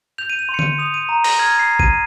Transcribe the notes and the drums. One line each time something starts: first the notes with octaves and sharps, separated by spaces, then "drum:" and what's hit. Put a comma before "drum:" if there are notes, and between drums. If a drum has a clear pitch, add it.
G6 F7
D#7
F7
C6
C#7
D#7, drum: tom D3
D#6 F7
D#7
A#5
A#6, drum: open hi-hat
F6 G#6
C7
A#5
D#7, drum: kick G#1